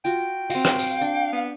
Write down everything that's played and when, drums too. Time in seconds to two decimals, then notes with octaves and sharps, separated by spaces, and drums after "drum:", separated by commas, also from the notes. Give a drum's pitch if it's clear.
0.05 F4 F#4 G5
0.50 C4 F#4 F5, drum: tambourine
0.65 drum: rim click
0.79 drum: tambourine
1.01 D4
1.33 B3